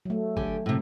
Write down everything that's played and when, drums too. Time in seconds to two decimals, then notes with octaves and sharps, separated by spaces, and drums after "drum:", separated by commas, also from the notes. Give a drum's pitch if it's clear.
0.05 F#3 A3
0.37 D3 G4 G#5, drum: kick
0.66 A2 C3